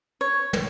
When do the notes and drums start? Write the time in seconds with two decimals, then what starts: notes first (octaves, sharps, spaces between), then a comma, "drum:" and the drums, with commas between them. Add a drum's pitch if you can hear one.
0.21 C#5
0.53 drum: tom